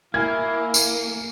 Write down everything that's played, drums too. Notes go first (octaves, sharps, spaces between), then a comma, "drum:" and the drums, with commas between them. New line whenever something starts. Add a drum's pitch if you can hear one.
A#3 E4 F5 G#5 G#6
drum: tambourine